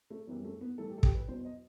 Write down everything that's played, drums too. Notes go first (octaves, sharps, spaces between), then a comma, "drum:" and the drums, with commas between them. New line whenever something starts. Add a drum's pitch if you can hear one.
A3
F#2 E3 G3 B3
A3
B3
A2 E3 G3 A4
G4
A4
G4, drum: kick
B4
E2 B2 F#3 C5
D#5